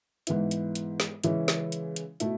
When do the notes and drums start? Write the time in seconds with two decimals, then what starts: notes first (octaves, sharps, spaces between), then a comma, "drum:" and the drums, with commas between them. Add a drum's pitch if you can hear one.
0.27 G#2 E3 B3 E4, drum: hi-hat
0.51 drum: hi-hat
0.75 drum: hi-hat
1.00 drum: snare
1.24 C#3 E3 G#3 C#4 E4, drum: hi-hat
1.48 drum: snare
1.72 drum: hi-hat
1.96 drum: hi-hat
2.20 B2 A3 E4, drum: hi-hat